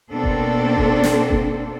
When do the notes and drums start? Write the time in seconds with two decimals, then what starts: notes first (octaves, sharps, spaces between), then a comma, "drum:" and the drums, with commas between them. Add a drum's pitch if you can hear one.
0.10 B2 A#3 C4 D4 A4 C5
0.24 drum: kick F#1
0.77 drum: kick F#1
1.03 drum: snare
1.30 drum: kick F#1